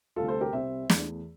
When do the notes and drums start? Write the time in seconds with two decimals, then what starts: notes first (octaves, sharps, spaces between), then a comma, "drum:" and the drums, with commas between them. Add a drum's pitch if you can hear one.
0.16 D2 C3 G3 F4 A4
0.28 A4 C5
0.41 G4 A#4
0.53 C2 C3 G3 C5 E5
0.90 E2 E3 A3, drum: snare